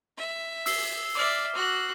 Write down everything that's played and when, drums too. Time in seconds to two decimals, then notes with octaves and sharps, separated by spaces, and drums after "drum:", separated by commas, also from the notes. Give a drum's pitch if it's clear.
0.18 E5
0.66 E6 C7 G7, drum: open hi-hat
1.15 D5 E5 D6 F6
1.55 F#4 F#6